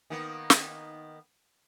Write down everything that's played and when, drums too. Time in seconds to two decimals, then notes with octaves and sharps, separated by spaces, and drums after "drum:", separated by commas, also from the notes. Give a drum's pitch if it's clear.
0.10 D#3 A#3 B3
0.50 drum: snare